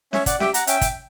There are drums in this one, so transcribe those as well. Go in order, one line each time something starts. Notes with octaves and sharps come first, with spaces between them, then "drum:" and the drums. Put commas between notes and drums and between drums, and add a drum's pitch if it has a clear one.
C#4 C#5 E5, drum: snare C#4
D5 F#5, drum: kick, hi-hat
G4 E5 G5, drum: snare C#4
F#5 A#5, drum: hi-hat
C#4 E5 G5, drum: hi-hat
drum: kick, hi-hat